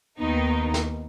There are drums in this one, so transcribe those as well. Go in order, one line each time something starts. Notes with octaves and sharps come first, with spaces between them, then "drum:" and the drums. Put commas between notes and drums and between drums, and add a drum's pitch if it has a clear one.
D#2 D#3 B3 D#4
drum: snare